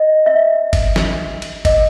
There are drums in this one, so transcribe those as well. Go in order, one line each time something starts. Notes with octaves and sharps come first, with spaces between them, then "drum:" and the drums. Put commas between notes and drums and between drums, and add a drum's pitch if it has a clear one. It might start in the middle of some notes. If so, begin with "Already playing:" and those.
Already playing: D#5
E5
drum: kick G1, cymbal
drum: snare
drum: cymbal
D#5, drum: kick G1, cymbal